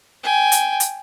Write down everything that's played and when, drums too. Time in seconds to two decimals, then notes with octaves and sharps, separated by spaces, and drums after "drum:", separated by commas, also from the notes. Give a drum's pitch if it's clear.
0.23 G5 G#5
0.52 drum: hi-hat
0.80 drum: hi-hat